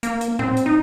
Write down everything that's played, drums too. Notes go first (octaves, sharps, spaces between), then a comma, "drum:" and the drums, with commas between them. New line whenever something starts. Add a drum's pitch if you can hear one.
A#3, drum: hi-hat
drum: hi-hat
C4, drum: tom A2
drum: hi-hat
D#4